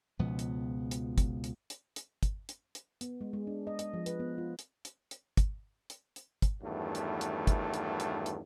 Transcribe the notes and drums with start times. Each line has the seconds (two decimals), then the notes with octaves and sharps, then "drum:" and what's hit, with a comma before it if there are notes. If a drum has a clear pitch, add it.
0.19 C#2 B2 F3 B3
0.39 drum: hi-hat
0.91 drum: hi-hat
1.18 drum: kick, hi-hat
1.44 drum: hi-hat
1.70 drum: hi-hat
1.96 drum: hi-hat
2.23 drum: kick, hi-hat
2.49 drum: hi-hat
2.75 drum: hi-hat
3.01 B3, drum: hi-hat
3.21 G#3
3.33 G#3
3.47 D4
3.67 D#5
3.79 D#5, drum: hi-hat
3.94 F3
4.06 B4, drum: hi-hat
4.20 B3
4.38 F4
4.59 drum: hi-hat
4.85 drum: hi-hat
5.11 drum: hi-hat
5.37 drum: kick, hi-hat
5.90 drum: hi-hat
6.16 drum: hi-hat
6.42 drum: kick, hi-hat
6.63 E2 G2 D#3 F#3 A3
6.95 drum: hi-hat
7.21 drum: hi-hat
7.47 drum: kick, hi-hat
7.74 drum: hi-hat
8.00 drum: hi-hat
8.26 drum: hi-hat